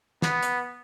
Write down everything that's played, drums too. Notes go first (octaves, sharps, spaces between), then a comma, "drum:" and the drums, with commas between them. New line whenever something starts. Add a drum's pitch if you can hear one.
B3, drum: snare
drum: hi-hat